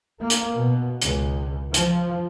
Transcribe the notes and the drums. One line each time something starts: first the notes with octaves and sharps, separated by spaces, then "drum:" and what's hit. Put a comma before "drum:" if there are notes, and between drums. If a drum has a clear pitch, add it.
A#3
drum: hi-hat
B2
C#2, drum: hi-hat
F3, drum: hi-hat